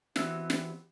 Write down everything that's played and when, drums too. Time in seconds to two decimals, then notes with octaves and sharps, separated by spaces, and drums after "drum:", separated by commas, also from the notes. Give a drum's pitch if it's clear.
0.16 E3 B3 C4 F#4 E5, drum: snare
0.50 drum: snare